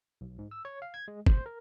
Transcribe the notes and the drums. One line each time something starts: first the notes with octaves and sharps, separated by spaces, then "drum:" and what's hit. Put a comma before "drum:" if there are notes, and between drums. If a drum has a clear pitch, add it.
B1
G#2
E6
C#5
F5
G#6
G#3
C5, drum: kick G1
A#4